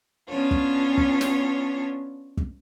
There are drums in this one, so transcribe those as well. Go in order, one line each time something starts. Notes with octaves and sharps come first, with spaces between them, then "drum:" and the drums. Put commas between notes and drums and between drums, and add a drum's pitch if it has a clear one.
B3 C#4 D4 F4 C#5
drum: kick
drum: kick
drum: snare
drum: kick